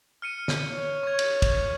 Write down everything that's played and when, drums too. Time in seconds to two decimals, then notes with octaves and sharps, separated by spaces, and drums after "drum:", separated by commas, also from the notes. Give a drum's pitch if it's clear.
0.22 F6 C#7 D#7
0.48 drum: snare
0.72 C#5
1.03 C#6 G#6
1.19 drum: cymbal
1.42 drum: kick, cymbal